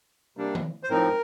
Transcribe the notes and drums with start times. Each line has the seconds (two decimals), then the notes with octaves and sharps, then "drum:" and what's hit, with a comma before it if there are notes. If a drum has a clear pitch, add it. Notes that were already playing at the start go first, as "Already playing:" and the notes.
0.37 C3 G3 A#3 D4
0.55 drum: tom D#3
0.83 C5
0.90 A2 F3 C4 D#4 A#4